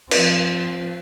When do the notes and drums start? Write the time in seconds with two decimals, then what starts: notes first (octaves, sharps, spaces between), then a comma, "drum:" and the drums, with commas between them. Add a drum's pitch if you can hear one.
0.11 F3 C4, drum: cymbal